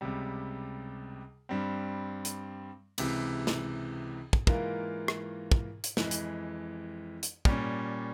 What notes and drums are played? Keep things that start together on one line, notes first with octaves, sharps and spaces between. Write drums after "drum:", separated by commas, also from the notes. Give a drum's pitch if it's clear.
C#2 C3 G3
G2 G3 C4
drum: hi-hat
C#2 C3 E3, drum: cymbal
drum: snare
drum: kick
G#2 E3 A#3 F4 A#4, drum: kick
drum: rim click
drum: kick
drum: hi-hat
F2 E3 G#3, drum: snare
drum: hi-hat
drum: hi-hat
A#2 G3 C#4, drum: kick